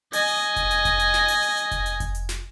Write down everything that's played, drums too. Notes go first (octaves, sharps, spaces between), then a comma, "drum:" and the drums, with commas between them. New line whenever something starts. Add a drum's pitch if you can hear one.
D#5 G#5, drum: open hi-hat
drum: hi-hat
drum: kick F1, hi-hat
drum: hi-hat
drum: kick F1, hi-hat
drum: hi-hat
drum: snare
drum: open hi-hat
drum: hi-hat
drum: hi-hat
drum: kick F1, hi-hat
drum: hi-hat
drum: kick F1, hi-hat
drum: hi-hat
drum: snare